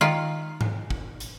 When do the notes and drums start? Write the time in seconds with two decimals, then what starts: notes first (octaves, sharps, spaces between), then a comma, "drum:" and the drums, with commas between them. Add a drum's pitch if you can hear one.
0.01 D#3 F4
0.61 drum: tom G#2
0.90 drum: kick
1.20 drum: hi-hat